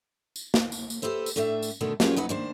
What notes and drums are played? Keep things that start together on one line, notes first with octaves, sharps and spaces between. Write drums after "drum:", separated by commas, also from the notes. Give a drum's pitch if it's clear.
drum: tambourine
drum: snare
drum: tambourine
drum: tambourine
G4 A4 B4 C5 E5
drum: tambourine
A2 A3 D4 E5
drum: tambourine
B2 D3 D#3 A3 B3
F#3 A#3 C#4 F4 G4 G#4, drum: snare
F#3 D#4 B4 F#5
D#3 D4 C5